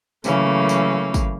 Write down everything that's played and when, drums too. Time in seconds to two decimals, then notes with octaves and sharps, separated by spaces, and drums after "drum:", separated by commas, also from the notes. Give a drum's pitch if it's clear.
0.24 C#3 E3 F#3 A3 A#3 C#4, drum: tambourine
0.69 drum: tambourine
1.14 drum: kick, tambourine